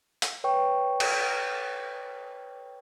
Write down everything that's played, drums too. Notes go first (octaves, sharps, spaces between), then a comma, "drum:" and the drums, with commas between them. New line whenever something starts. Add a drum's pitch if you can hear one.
drum: hi-hat
B4 C#5 G5 C#6
drum: cymbal